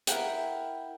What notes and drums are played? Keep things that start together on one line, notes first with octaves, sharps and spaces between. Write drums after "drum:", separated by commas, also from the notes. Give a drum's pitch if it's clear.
E4 A#4 F#5 G5, drum: hi-hat